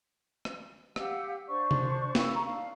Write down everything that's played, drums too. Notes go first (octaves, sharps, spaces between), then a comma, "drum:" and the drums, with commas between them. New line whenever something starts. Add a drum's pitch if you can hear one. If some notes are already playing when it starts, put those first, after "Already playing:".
drum: rim click
G4 F5 F#5 E6, drum: rim click
D4 C5 D5 C#6
drum: tom C3
E4 C#6 E6, drum: snare
A#5 C#6
D4 D#4 F5